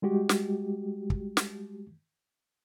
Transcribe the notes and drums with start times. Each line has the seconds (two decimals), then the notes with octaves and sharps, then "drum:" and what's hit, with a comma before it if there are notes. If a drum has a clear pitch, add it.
0.02 G3 G#3 F#4 G4
0.29 drum: snare
1.10 drum: kick
1.37 drum: snare